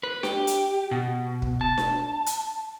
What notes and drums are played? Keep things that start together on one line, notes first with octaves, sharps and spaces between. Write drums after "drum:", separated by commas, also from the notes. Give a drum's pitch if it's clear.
B4
G4, drum: snare D4
drum: hi-hat
B2
drum: kick
A5
drum: snare D4
drum: hi-hat